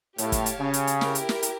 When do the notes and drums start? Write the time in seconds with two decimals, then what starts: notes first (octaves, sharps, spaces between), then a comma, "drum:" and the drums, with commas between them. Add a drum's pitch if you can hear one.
0.18 A2 G4 C#5 F5 A5, drum: hi-hat
0.32 drum: kick F#1, hi-hat
0.46 drum: hi-hat
0.59 C#3
0.74 drum: hi-hat
0.87 drum: hi-hat
1.01 E4 G4 A#4, drum: snare
1.15 drum: hi-hat
1.29 drum: snare
1.43 drum: hi-hat